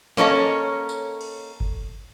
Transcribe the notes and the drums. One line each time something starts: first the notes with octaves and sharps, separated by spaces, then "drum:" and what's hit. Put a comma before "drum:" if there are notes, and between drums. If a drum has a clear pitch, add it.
A#3 C#4 A4 C#5 D#5, drum: snare
drum: tambourine
drum: cymbal
drum: kick G1